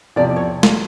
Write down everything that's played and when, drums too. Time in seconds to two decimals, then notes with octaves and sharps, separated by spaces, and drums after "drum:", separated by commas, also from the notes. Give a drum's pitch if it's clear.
0.16 E2 C3 F3 D5
0.36 C#5
0.63 drum: snare